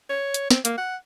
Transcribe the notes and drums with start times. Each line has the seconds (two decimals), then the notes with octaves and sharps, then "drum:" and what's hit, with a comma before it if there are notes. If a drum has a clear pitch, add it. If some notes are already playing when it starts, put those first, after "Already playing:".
0.09 C#5
0.34 drum: hi-hat
0.51 C4, drum: snare
0.65 A#3, drum: hi-hat
0.77 F#5